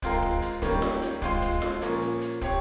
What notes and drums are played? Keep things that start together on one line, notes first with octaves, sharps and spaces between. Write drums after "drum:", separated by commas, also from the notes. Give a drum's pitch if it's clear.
G#3 C4 F4 A#4, drum: kick, hi-hat
drum: kick
drum: hi-hat
D#3 G3 A#3 C#4, drum: kick, hi-hat
drum: snare F4
drum: hi-hat
G#3 C4 F4 C5, drum: kick, hi-hat
drum: kick, hi-hat
drum: snare F4
A#2 F3 A#3 C#4, drum: hi-hat
drum: hi-hat
drum: hi-hat
C4 G4 C#5, drum: kick, hi-hat